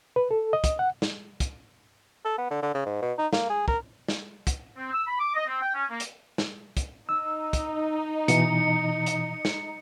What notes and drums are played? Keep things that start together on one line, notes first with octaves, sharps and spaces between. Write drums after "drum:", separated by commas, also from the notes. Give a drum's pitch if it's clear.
B4
A4
D#5
drum: kick, hi-hat
F#5
drum: snare
drum: kick, hi-hat
A4
B3
D3
D3
C#3
G#2
B2
D#4
A#3, drum: snare
G#4
A#4, drum: kick
drum: snare
drum: kick, hi-hat
C4
E6
B5
D6
D#5
C4
G5
C#4
A#3
drum: hi-hat
drum: snare
drum: kick, hi-hat
D#4 E6
drum: kick, hi-hat
B2 E3 C#7, drum: hi-hat
drum: hi-hat
drum: snare